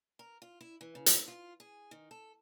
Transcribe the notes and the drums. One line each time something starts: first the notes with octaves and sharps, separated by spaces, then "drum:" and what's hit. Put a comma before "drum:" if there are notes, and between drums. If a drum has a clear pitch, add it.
A#4
F4
E4
E3
C#3
drum: hi-hat
F4
G#4
D#3
A4